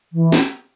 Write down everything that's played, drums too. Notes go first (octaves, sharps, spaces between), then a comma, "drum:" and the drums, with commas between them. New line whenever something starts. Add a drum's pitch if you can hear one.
E3
drum: snare